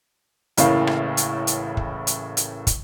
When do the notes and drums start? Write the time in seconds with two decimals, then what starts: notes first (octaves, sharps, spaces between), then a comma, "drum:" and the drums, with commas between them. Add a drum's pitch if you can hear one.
0.57 A1 A2 C#3 A#3 F5, drum: hi-hat
0.87 drum: rim click
1.17 drum: hi-hat
1.47 drum: hi-hat
1.77 drum: kick
2.07 drum: hi-hat
2.37 drum: hi-hat
2.67 drum: kick, hi-hat